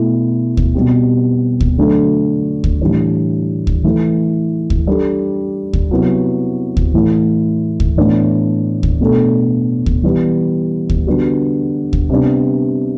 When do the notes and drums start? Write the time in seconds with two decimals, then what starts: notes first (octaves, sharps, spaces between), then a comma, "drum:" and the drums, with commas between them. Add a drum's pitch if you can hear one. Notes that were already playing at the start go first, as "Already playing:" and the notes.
Already playing: B2 A3 E4
0.57 drum: kick D2
0.74 B2 G3 C4 G4
1.61 drum: kick D2
1.78 D3 F#3 A3 D4
2.64 drum: kick D2
2.81 A2 E3 G3 D4
3.67 drum: kick D2
3.84 E3 A3 E4
4.70 drum: kick D2
4.87 G3 D4 A4
5.73 drum: kick D2
5.90 C3 F#3 B3 E4
6.77 drum: kick D2
6.94 A2 E3 A3 E4
7.80 drum: kick D2
7.97 A2 E3 B3 D4
8.83 drum: kick D2
9.00 B2 A3 D4 A4
9.86 drum: kick D2
10.03 E3 G3 B3
10.90 drum: kick D2
11.07 D3 G3 B3 D4 F#4
11.93 drum: kick D2
12.09 C3 G3 B3 D4